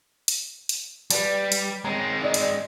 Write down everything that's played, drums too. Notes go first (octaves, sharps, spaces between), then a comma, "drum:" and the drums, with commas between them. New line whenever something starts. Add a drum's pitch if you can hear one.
drum: hi-hat
drum: hi-hat
G3 B4 D5 A5, drum: hi-hat
drum: hi-hat
G#3 C4 C#5 A#5
D#4 D5 D#5
drum: hi-hat